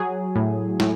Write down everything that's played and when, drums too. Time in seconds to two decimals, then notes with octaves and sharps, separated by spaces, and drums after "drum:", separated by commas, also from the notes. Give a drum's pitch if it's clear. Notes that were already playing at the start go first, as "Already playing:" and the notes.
Already playing: F#3 G#4
0.36 A2
0.80 A2, drum: snare